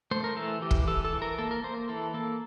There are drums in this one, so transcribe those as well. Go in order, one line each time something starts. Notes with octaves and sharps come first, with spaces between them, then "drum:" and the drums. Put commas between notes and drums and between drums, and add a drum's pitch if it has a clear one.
A3 C5
A#4
E3 A4
E3 G4
drum: kick
E3 A4
A4
E3
A#4
A#3 A4
A#4
A#3 C5
E3 A4
A#3 A4